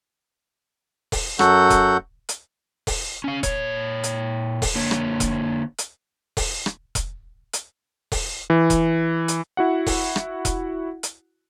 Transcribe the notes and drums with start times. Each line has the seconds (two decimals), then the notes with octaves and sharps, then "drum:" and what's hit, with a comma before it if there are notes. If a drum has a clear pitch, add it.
1.12 drum: kick E1, open hi-hat
1.39 F#2 F#3 F#4 A4 F#5 G6, drum: rim click
1.70 drum: kick E1, hi-hat
2.29 drum: hi-hat
2.87 drum: kick E1, open hi-hat
3.24 C#4 F5
3.43 A#2 C#5, drum: kick E1, hi-hat
4.03 drum: hi-hat
4.62 drum: kick E1, open hi-hat
4.75 D3 A#3 C#5
4.91 drum: rim click
5.20 drum: kick E1, hi-hat
5.78 drum: hi-hat
6.37 drum: kick E1, open hi-hat
6.66 drum: rim click
6.95 drum: kick E1, hi-hat
7.53 drum: hi-hat
8.12 drum: kick E1, open hi-hat
8.50 E3
8.70 drum: kick E1, hi-hat
9.28 drum: hi-hat
9.57 E4 F#4 F#5
9.86 drum: kick E1, open hi-hat
10.16 drum: rim click
10.45 drum: kick E1, hi-hat
11.03 drum: hi-hat